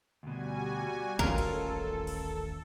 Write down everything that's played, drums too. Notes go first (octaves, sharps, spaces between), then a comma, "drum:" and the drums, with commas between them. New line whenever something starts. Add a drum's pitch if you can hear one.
D2 B2 G3 F#4 G#5
D#1 A1 D#2 C#4 F4 A4 A#4, drum: kick
drum: cymbal
drum: cymbal